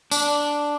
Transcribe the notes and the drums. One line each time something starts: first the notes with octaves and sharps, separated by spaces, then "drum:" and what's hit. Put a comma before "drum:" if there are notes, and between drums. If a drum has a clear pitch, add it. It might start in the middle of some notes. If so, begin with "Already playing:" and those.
D4, drum: tambourine